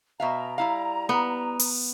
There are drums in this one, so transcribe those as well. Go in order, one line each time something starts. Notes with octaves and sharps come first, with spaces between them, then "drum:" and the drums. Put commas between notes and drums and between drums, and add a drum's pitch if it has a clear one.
B2 E5 F5 A#5
G3 E4 F5
B3
drum: open hi-hat